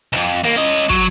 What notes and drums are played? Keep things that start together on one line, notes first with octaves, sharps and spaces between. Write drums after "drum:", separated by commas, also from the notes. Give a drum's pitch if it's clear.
B1 F2
D#2 A#3, drum: hi-hat
C#4 D#5
F#3, drum: kick, open hi-hat